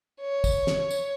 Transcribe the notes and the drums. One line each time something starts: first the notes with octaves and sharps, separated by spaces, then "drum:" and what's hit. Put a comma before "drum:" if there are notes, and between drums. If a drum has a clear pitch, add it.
C#5
drum: kick, tambourine
drum: snare
drum: tambourine